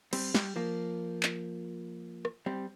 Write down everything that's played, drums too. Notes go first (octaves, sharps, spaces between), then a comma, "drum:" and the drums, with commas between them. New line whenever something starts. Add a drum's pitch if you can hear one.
G3 C4, drum: cymbal
G3, drum: snare
F3 A#3
drum: clap
drum: rim click
G3 C4